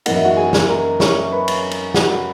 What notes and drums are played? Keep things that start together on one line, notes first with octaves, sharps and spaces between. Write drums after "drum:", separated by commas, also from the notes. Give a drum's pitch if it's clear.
F#2 E3 A#3 D#4 F#5, drum: cymbal
E5
F#4 F#5
G#4 G#5
drum: snare
A#4 A#5
C#5 C#6, drum: snare
B4 B5
drum: cymbal
drum: cymbal
F#4 F#5, drum: snare